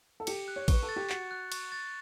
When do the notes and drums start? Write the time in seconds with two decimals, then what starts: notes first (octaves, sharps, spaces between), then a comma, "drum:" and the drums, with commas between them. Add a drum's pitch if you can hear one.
0.20 A4
0.27 G4 C#7, drum: cymbal
0.48 F#6
0.56 C#5
0.68 B4 C#6, drum: kick, cymbal
0.83 A4
0.89 A6
0.96 G4
1.10 F#4 C#7, drum: clap
1.31 F#6
1.52 C#6, drum: cymbal
1.72 A6